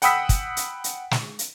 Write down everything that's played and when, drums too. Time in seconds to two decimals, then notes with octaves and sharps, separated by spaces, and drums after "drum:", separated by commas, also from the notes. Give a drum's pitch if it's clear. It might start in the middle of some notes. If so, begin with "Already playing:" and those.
0.02 F#5 G5 B5 D#6 E6 B6, drum: hi-hat
0.29 drum: kick, hi-hat
0.57 drum: hi-hat
0.84 drum: hi-hat
1.11 drum: snare
1.39 drum: hi-hat